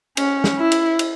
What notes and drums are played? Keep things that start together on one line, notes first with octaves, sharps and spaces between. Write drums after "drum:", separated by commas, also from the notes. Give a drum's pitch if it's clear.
C#4, drum: cymbal
drum: snare
E4
drum: cymbal
drum: cymbal